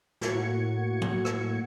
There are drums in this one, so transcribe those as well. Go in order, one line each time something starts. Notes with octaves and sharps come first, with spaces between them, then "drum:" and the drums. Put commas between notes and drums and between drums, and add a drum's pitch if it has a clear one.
A2 A#3 F#4 G#6 C#7, drum: snare
drum: tom
drum: rim click